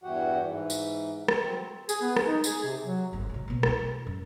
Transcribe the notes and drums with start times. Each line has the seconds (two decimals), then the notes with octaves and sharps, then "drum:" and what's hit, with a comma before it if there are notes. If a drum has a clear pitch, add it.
0.03 E2 G2 E3 F#4 G4 F#5
0.44 G#2 E3
0.70 drum: tambourine
1.28 drum: rim click
1.41 F#3 C4
1.89 G#4, drum: tambourine
2.02 B3
2.17 drum: rim click
2.27 D#4
2.44 G#4, drum: tambourine
2.64 C3
2.83 F#3
3.13 G1 C4
3.30 C3 G#3
3.48 B2 B3
3.63 G#3 E4, drum: rim click
4.07 F#2